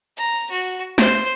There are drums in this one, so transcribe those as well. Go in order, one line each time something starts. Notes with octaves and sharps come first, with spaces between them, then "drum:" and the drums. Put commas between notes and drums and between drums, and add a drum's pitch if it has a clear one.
A#5
F#4
C5, drum: snare